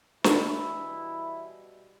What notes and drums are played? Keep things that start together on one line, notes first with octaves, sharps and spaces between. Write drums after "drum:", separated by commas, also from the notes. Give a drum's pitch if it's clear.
B2 E3 G3 E4, drum: snare